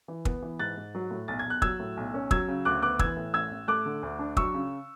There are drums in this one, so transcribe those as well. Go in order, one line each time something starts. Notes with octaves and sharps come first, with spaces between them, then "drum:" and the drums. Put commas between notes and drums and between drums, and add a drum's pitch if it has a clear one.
E3
B3, drum: kick
E3
G#2 F#6 A6
G#2
F#3
A2
B1 A6
G#6
B1 F#6
F#3 E6 G#6, drum: kick
A2
B1
C#4
F#3 E6 G#6, drum: kick
C#3
D2 D6 F#6
B3 D6 F#6
E3 E6 G#6, drum: kick
A2
A1 E6 G#6
A1
A3 D6 F#6
D3
D2
D4
F#3 C#6 E6, drum: kick
C#3